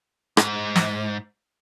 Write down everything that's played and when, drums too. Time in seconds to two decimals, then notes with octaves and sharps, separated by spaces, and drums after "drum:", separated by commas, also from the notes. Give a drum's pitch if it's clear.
0.37 G#2, drum: rim click
0.76 drum: snare